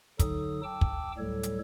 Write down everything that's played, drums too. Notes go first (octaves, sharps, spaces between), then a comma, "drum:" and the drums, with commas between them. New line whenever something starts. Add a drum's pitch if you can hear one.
D3 F#3 D#4 A4 D#6, drum: kick, hi-hat
G5 A5 D6 E6
drum: kick
D2 A2 F#3 G3 A4 C#5
drum: hi-hat